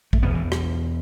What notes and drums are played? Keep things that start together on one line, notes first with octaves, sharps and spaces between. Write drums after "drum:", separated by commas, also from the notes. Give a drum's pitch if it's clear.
A3, drum: kick
E2 B2 B3
E3
drum: rim click